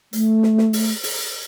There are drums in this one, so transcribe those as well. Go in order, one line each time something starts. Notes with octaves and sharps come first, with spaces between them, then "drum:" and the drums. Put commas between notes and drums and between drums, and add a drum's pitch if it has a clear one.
A3, drum: hi-hat
drum: snare
drum: snare
drum: open hi-hat
drum: open hi-hat